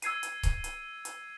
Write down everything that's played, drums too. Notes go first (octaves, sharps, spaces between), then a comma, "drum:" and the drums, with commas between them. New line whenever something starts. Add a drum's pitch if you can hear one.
E6 G#6 C7 D#7, drum: hi-hat
drum: hi-hat
drum: kick C#1, hi-hat
drum: hi-hat
drum: hi-hat